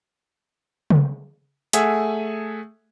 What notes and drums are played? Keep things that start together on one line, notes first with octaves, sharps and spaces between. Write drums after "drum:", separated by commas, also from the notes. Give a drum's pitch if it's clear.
drum: tom C#3
A3 G#4 E5 F#5 G#5 D#6, drum: hi-hat